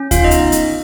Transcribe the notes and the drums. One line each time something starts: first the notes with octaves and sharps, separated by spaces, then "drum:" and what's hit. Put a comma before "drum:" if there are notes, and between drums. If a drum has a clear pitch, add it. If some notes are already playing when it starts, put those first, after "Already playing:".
Already playing: C#4
F4 F5, drum: kick D2, hi-hat
D#4 D#5
B3, drum: hi-hat
drum: hi-hat